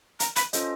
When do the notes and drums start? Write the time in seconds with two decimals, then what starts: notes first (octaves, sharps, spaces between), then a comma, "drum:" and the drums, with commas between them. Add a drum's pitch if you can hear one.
0.20 A#5, drum: hi-hat
0.36 B5, drum: hi-hat
0.53 C#4 F4 A4 C5 D#5, drum: hi-hat